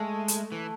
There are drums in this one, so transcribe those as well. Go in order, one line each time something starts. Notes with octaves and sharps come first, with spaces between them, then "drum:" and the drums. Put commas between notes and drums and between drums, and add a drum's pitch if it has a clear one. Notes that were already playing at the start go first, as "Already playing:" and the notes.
Already playing: G#3 A3
drum: hi-hat
E3